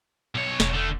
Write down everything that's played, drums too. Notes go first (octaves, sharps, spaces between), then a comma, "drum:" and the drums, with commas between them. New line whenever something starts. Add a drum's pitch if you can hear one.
B1 C#5
E1, drum: snare
D3 A3